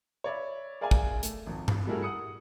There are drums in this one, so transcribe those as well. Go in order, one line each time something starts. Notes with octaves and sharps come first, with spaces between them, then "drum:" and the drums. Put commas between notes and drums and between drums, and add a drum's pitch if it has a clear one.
C#5 D5 E5 B5
G#4 A#4 D5 E5 F5 G#5
drum: kick
A3, drum: hi-hat
G#1 F2
drum: tom G2
G3 A3 E4 F#4 G#4 A#4
F#5 D#6 C#7